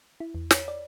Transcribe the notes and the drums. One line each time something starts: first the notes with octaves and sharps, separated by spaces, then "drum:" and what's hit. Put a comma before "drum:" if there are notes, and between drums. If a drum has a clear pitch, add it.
E4
E2
C#5, drum: snare
D5